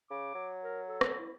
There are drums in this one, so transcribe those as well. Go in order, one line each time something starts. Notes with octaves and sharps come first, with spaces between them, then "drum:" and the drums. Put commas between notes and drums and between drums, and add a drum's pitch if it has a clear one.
C#3 D6
F#3
A#4
A4
drum: rim click
E4